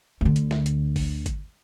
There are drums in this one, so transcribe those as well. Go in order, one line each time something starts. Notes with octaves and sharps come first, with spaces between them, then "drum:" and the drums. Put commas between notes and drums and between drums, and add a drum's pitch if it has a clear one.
D2 D3
drum: hi-hat
drum: snare
drum: hi-hat
drum: kick G#1, open hi-hat
drum: kick G#1, hi-hat